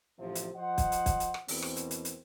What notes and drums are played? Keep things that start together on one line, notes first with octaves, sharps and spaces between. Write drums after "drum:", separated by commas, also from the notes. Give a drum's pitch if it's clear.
A1 D2 C3 F3
drum: hi-hat
F3 C5 D#5 F#5
drum: kick, hi-hat
drum: hi-hat
drum: kick, hi-hat
drum: hi-hat
drum: rim click
E2 B2 A#3 C4, drum: open hi-hat
drum: rim click
drum: hi-hat
drum: hi-hat
drum: hi-hat